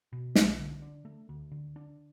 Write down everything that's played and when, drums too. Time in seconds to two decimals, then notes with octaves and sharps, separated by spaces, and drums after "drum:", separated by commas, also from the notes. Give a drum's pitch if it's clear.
0.13 B2
0.35 B1, drum: snare
0.59 D3
0.82 D4
1.05 A3
1.29 D2
1.51 D3
1.76 D4